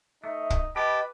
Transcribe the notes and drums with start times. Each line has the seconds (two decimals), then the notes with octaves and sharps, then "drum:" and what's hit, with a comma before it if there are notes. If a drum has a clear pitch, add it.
0.24 A3 D#4 E5
0.50 drum: kick
0.76 G4 B4 D#5 G5 A5 B5